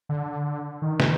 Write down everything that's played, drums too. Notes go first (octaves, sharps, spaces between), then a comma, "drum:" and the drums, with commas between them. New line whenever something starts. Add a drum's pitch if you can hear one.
D3
D#3
drum: snare